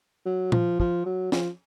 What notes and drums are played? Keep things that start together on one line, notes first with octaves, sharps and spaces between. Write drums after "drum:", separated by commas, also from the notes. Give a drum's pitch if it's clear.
F#3
F3, drum: tom
F3, drum: kick
F#3
F3, drum: snare